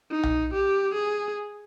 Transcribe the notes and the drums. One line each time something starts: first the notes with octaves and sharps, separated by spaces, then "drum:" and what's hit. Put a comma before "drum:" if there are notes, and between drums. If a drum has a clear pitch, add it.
D#4
drum: tom B1
G4
G#4